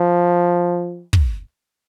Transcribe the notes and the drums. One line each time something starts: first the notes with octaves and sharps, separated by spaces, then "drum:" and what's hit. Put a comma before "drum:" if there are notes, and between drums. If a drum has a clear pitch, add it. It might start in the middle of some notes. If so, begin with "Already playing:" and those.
Already playing: F3
drum: kick